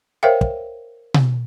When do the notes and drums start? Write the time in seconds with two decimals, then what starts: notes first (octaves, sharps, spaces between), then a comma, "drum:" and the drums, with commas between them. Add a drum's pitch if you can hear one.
0.23 A#4 C5 C#5 E5 F5 G5
0.41 drum: kick
1.14 drum: tom B2